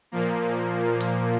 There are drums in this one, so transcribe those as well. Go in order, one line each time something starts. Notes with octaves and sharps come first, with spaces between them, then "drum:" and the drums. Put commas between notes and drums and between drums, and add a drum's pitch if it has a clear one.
A#2 F3 A#3
drum: open hi-hat